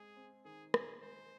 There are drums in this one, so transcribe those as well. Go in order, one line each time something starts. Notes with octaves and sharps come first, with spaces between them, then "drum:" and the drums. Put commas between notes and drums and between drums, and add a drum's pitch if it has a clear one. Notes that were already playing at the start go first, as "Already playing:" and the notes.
Already playing: G#3 C4 G#4
C4
D#3 G#4
D#3 G#4, drum: rim click
G#3 C5